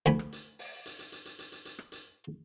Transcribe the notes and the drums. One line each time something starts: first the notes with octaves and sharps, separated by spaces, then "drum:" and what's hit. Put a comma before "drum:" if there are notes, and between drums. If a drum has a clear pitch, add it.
D2 G#5 B5
drum: rim click
drum: hi-hat
drum: open hi-hat
drum: hi-hat
drum: hi-hat
drum: hi-hat
drum: hi-hat
drum: hi-hat
drum: hi-hat
drum: hi-hat
drum: rim click
drum: hi-hat